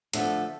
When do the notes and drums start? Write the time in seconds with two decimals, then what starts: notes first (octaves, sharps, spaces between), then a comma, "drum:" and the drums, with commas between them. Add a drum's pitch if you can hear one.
0.13 D3 F3 A3 A4, drum: hi-hat